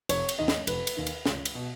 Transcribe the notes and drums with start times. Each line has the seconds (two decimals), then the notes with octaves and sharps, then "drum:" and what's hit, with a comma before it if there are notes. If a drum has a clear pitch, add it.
0.09 F1 C#5, drum: cymbal
0.29 drum: cymbal
0.39 D#2 D#3 D#5
0.48 drum: snare
0.67 F1 B4, drum: cymbal
0.87 drum: cymbal
0.97 D#2 D#3
1.06 drum: cymbal
1.26 C#2, drum: snare
1.45 drum: cymbal
1.55 B2